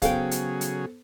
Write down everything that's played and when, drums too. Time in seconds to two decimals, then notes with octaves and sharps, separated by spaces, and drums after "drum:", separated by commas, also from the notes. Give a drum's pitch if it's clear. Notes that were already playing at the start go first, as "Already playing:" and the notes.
0.02 C#3 F#3 B3 G#4 A4 C5 F5 G5, drum: kick, hi-hat
0.31 drum: hi-hat
0.61 drum: hi-hat